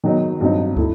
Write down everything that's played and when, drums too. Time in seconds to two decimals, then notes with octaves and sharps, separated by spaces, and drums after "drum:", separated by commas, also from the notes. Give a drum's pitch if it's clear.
0.04 D#3 F#3 B3 D#4
0.41 G2 F#3 C4 D#4
0.77 A3 E4, drum: kick